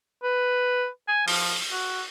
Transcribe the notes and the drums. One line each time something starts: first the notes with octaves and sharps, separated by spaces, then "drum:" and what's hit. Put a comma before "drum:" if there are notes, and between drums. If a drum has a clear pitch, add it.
B4
G#5
F3, drum: open hi-hat
F#4